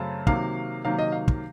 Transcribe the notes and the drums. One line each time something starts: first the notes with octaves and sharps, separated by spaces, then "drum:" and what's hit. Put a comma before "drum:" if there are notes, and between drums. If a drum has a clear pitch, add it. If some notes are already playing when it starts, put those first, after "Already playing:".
Already playing: F#2 C#3 A3 C4 A5
C3 D#3 F#3 A#3 F5, drum: kick
C3 D#3 F#3 A#3 F5
D#5
F5
drum: kick